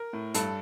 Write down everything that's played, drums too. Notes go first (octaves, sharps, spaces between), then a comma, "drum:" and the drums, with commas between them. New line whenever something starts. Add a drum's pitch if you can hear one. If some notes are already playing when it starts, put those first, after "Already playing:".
Already playing: A#4
A2
G2 A4, drum: hi-hat